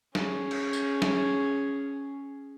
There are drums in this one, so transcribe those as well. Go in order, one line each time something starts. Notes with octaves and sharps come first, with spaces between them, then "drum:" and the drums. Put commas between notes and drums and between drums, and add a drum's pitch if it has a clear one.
C#4 G#4, drum: snare
drum: cymbal
drum: tambourine
drum: snare